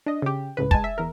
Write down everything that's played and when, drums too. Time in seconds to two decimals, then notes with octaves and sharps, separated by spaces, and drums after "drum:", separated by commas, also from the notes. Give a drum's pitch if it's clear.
0.06 D4 D#5
0.22 C#3 G4
0.57 C#2 A2 C#3 B4
0.71 G#3 G#5 A5, drum: kick
0.84 E5
0.98 E2 A#4